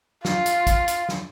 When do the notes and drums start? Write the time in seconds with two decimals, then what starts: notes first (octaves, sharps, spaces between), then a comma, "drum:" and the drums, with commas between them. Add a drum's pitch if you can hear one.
0.25 F4, drum: snare
0.46 drum: hi-hat
0.67 drum: kick, hi-hat
0.88 drum: hi-hat
1.09 drum: snare